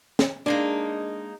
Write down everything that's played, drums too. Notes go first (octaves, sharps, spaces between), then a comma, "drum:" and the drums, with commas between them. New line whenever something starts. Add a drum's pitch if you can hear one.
drum: snare
G#3 A#3 D4 D#4